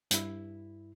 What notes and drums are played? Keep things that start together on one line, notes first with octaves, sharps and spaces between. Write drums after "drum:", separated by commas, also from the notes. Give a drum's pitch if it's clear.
G2 E4, drum: hi-hat